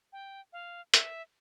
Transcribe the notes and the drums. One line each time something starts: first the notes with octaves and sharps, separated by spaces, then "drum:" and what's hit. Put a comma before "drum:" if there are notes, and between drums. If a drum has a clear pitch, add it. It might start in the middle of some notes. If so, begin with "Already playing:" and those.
G5
F5
E5, drum: hi-hat